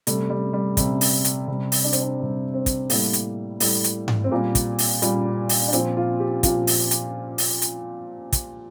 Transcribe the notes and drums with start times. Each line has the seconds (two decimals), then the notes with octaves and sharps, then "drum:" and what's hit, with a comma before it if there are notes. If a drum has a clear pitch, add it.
0.07 C3 G3 A3, drum: hi-hat
0.30 G3
0.53 G3
0.77 C3 G3, drum: kick, hi-hat
1.01 drum: open hi-hat
1.25 drum: hi-hat
1.48 C3 G3
1.72 drum: open hi-hat
1.84 D4
1.93 C4, drum: hi-hat
2.02 D4
2.19 C3 G3
2.54 C4
2.66 drum: kick, hi-hat
2.90 A2 G3 A#3, drum: open hi-hat
3.13 drum: hi-hat
3.60 A2 G3, drum: open hi-hat
3.84 drum: hi-hat
4.08 drum: tom G#2
4.24 C4
4.31 A#2 G3 A#3
4.55 drum: kick, hi-hat
4.79 drum: open hi-hat
5.02 A#2 G3, drum: hi-hat
5.49 drum: open hi-hat
5.68 D4
5.73 A#2 F3 C4, drum: hi-hat
5.97 F4
6.20 G4
6.43 A#2 F3 F4, drum: kick, hi-hat
6.67 drum: open hi-hat
6.91 drum: hi-hat
7.38 drum: open hi-hat
7.62 drum: hi-hat
8.32 drum: kick, hi-hat